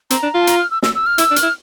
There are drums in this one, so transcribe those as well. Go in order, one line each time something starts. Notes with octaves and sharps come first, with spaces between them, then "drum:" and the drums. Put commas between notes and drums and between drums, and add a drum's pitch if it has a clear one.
C4 A#5, drum: hi-hat
D4
F4
A5
A#5, drum: hi-hat
F6
E6
E6, drum: snare
E6
F6
E4 E6, drum: hi-hat
D4
F6, drum: hi-hat
E4